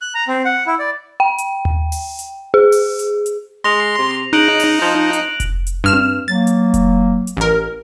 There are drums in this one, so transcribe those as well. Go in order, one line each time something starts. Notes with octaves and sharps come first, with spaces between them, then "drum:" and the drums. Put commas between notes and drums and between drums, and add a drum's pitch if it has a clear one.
F#6
A#5
C4
F#5
E4
D5
G5
drum: hi-hat
drum: tom D#2
drum: open hi-hat
drum: hi-hat
G#4
drum: open hi-hat
drum: hi-hat
drum: hi-hat
G#3 C6 A#6 F7
C3
C#3 D#4 F#6 D7 F#7
drum: open hi-hat
F3
drum: hi-hat
drum: kick F1, hi-hat
drum: hi-hat
G2 F6 E7
drum: tom C4
F#3 A#3 A6
drum: hi-hat
drum: kick F1, hi-hat
drum: hi-hat
A1 A#4